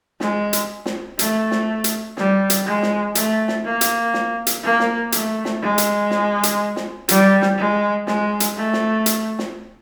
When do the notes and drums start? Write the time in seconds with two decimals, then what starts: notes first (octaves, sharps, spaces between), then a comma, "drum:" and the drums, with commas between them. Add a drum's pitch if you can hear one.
0.20 G#3, drum: snare
0.53 drum: hi-hat
0.86 drum: snare
1.19 A3, drum: hi-hat
1.51 drum: snare
1.84 drum: hi-hat
2.17 G3, drum: snare
2.50 drum: hi-hat
2.66 G#3
2.82 drum: snare
3.15 A3, drum: hi-hat
3.48 drum: snare
3.65 A#3
3.81 drum: hi-hat
4.14 drum: snare
4.47 drum: hi-hat
4.63 A#3
4.79 drum: snare
5.12 A3, drum: hi-hat
5.45 drum: snare
5.62 G#3
5.78 drum: hi-hat
6.11 drum: snare
6.43 drum: hi-hat
6.76 drum: snare
7.09 G3, drum: hi-hat
7.42 drum: snare
7.58 G#3
8.07 G#3, drum: snare
8.40 drum: hi-hat
8.56 A3
8.73 drum: snare
9.06 drum: hi-hat
9.39 drum: snare